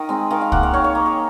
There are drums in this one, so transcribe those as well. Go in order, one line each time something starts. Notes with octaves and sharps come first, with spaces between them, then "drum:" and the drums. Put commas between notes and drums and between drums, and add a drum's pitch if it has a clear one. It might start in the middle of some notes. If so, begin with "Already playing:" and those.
Already playing: D#3 D#5 F5
G#3 C4
D#3 F5
F5
A#3 F#5, drum: kick C2
F5
D#3 C#5
C#5
A#3
G#4